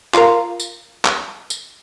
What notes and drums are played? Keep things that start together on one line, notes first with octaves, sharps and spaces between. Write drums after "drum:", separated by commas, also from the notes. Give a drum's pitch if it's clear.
F4 A#4, drum: clap
drum: tambourine
drum: clap
drum: tambourine